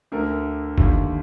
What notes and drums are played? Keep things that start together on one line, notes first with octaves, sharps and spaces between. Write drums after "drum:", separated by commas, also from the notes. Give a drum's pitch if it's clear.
D2 D3 A#4
D#2 D3, drum: kick